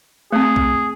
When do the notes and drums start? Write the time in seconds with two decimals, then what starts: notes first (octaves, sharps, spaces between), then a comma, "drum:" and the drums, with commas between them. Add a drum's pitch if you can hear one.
0.32 A3 C4 G#4
0.56 drum: kick B1